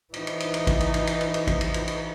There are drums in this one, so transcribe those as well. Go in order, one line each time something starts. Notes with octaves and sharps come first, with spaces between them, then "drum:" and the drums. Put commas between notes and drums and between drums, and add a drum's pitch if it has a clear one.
E3 D#4, drum: cymbal
drum: cymbal
drum: cymbal
drum: cymbal
drum: kick A1, cymbal
drum: cymbal
drum: cymbal
drum: cymbal
drum: cymbal
drum: cymbal
drum: kick A1, cymbal
drum: cymbal
drum: cymbal
drum: cymbal